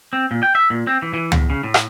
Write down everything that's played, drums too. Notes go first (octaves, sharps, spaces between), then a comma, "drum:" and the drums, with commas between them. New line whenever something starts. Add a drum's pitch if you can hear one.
C4
A#2
G5
E5
A#2
C4
E3
E3
E2, drum: tom
C#3
A2
drum: rim click